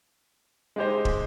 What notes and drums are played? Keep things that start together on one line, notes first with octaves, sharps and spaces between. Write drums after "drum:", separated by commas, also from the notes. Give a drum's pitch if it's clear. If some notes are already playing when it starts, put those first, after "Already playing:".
G#3 D#4 G4 C5 D#5
drum: kick